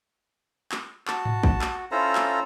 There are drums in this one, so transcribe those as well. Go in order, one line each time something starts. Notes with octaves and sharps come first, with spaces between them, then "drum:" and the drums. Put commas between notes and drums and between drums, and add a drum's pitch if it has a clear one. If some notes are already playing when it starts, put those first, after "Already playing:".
drum: clap
F#4 A5, drum: clap
drum: tom G#2
drum: kick
drum: clap
C#4 E4 F4 A4 C5 A#5
drum: clap